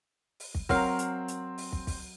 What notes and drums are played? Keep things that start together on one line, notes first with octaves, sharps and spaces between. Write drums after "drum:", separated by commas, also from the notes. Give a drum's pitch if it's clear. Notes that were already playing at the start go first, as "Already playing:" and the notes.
drum: open hi-hat
drum: kick
F#3 C4 A#4 F5, drum: kick, open hi-hat
drum: hi-hat
drum: hi-hat
drum: open hi-hat
drum: kick
drum: kick, open hi-hat